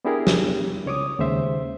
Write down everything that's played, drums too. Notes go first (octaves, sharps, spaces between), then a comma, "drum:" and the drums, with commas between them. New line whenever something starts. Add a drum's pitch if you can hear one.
B3 D4 E4 G4 G#4 A#4
drum: snare
C#2 C#5 D6 D#6
D#2 C#3 G#3 C5 E5